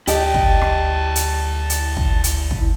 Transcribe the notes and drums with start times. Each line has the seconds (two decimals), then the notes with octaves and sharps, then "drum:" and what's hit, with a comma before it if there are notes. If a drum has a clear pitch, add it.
0.07 D2 E4 G4 D5 D#5 G5 A5, drum: hi-hat
0.34 drum: kick
0.61 drum: rim click
1.16 drum: hi-hat
1.70 drum: hi-hat
1.97 drum: kick
2.24 drum: hi-hat
2.51 drum: kick